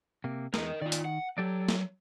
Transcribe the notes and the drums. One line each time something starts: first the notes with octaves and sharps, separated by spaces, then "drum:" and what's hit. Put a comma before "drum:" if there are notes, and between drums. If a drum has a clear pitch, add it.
C3 A#3
E2 G#3 D#4 A#4 D#5, drum: snare
D#3 F4 D5
drum: hi-hat
F#5
F#3 G4 A4 D5
drum: snare